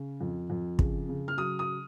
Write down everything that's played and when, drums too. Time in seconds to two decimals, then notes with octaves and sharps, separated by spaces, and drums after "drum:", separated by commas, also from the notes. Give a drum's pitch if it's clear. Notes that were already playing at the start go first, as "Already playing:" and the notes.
Already playing: C#3
0.21 F2
0.50 F2
0.79 C#3, drum: kick
1.09 C#3
1.28 F6
1.37 F#3 D#6
1.59 D#6